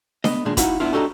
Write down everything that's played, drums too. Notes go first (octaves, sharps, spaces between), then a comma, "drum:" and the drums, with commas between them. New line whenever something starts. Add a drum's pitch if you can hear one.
B3 D#5, drum: snare D4
A#2 D#3 G#3 D4
D#4 E4 F#4 F5 B5, drum: kick, hi-hat
B3 D4 E4 F4
D4 F#4 G4 A4 D#5 A#5